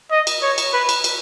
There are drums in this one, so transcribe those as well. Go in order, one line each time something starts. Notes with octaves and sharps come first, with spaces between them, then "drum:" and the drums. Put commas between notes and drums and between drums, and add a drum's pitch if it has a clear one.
D#5
drum: cymbal
C#5
drum: cymbal
B4
drum: cymbal
drum: cymbal